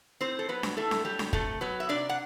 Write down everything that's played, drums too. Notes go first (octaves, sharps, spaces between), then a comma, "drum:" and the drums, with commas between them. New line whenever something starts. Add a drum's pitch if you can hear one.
A2 C4 C5
A4
F#3 B3 B4
drum: snare D4
A2 A3 A4
drum: snare D4
F#3 G3 G4
drum: snare D4
C3 A3 A4, drum: kick
F#3 B3 B4
E5
C3 D4 D5
F#5